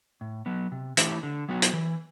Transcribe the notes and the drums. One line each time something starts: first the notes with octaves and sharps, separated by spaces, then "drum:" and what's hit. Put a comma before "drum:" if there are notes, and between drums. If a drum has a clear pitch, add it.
A2
F#3 B3
C3
E3 A3 E4 G4, drum: hi-hat
D3
F#3 B3 F#4
drum: hi-hat
E3